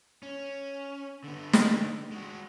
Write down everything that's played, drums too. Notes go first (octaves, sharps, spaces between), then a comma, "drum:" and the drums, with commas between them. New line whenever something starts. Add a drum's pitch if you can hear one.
C#4
D3 B3
drum: snare
G#3 F#4